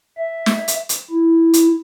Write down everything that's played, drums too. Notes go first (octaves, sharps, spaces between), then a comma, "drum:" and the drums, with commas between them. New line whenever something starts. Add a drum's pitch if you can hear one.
E5
drum: snare
drum: hi-hat
drum: hi-hat
E4
drum: hi-hat